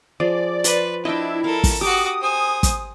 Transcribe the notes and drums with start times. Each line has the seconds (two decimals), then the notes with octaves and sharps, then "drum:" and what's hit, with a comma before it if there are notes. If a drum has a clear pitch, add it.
0.20 F3 G#4 D5
0.64 B4 A5 B5 C6, drum: hi-hat
1.05 D4 E4 D#5 G5
1.44 A4 A#4 F5
1.64 drum: kick, open hi-hat
1.81 F#4 G4 G5 D6 D#6
2.21 C5 G#5
2.63 drum: kick, hi-hat